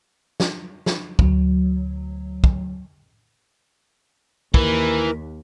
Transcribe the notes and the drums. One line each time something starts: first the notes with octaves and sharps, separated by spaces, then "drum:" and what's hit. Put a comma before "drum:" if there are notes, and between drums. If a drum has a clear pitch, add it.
drum: snare
drum: snare
D2 F#3, drum: kick
drum: kick
D#2 E3 A#4, drum: kick